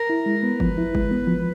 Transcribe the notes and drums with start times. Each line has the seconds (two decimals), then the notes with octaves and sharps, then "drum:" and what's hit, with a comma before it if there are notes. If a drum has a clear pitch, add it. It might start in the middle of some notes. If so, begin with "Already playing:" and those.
Already playing: A#4
0.10 E4
0.26 G#3
0.43 B3 B4
0.60 F3, drum: kick G1
0.78 E4
0.95 G#3, drum: kick G1
1.11 B3
1.27 F3